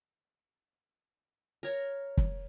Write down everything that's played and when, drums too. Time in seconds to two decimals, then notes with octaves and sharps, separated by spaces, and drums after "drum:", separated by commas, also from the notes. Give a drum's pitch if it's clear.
1.63 A#4 C#5
2.17 drum: kick